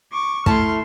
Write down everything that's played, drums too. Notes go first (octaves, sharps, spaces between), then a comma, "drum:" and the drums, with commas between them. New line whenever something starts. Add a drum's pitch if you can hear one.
C#6 D6
A3 E4 A5 C6 F6, drum: kick